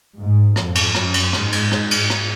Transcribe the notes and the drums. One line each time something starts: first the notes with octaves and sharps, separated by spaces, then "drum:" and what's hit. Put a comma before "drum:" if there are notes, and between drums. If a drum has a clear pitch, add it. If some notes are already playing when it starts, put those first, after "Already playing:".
G#2
F2, drum: rim click
drum: cymbal
F#2, drum: rim click
drum: cymbal
G#2, drum: rim click
drum: cymbal
drum: rim click
drum: cymbal
drum: rim click